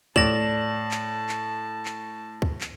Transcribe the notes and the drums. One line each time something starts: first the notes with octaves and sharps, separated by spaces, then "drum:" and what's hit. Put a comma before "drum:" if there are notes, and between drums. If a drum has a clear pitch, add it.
A2 D5 A5 A#6 E7 F#7, drum: kick
drum: clap
drum: clap
drum: clap
drum: kick
drum: clap